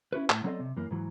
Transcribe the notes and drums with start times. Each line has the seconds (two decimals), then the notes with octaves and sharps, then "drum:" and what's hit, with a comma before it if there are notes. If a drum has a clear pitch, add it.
0.13 C#4 E4 F#4 B4
0.30 A2, drum: clap
0.44 F#3 B3 C4 A4 D5 D#5
0.60 C3
0.76 F#2 E3 A#3
0.91 G#2 E3 F#3